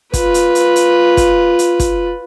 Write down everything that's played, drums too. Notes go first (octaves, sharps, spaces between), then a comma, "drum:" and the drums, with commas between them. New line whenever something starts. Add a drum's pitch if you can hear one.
F4 B4, drum: kick, hi-hat
drum: hi-hat
drum: hi-hat
drum: hi-hat
drum: kick, hi-hat
drum: hi-hat
drum: kick, hi-hat